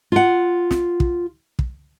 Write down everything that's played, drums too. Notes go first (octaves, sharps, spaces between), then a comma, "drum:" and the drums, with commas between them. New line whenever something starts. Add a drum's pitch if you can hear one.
F4 F#5
drum: snare
drum: kick
drum: kick